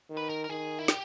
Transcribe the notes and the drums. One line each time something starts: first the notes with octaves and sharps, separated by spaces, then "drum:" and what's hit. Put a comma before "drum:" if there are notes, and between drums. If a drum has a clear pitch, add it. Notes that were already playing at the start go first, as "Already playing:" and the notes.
D#3
B4
A#4
A#4
D#3 G#4
E4
G4, drum: snare